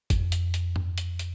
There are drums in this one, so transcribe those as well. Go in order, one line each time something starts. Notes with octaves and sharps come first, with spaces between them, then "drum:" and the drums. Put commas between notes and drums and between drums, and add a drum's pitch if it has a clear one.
F2, drum: kick, hi-hat
drum: hi-hat
drum: hi-hat
drum: tom
drum: hi-hat
drum: hi-hat